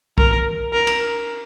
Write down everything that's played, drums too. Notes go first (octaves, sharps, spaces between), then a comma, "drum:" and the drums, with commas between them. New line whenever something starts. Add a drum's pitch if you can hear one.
A#4, drum: kick
A#4
drum: cymbal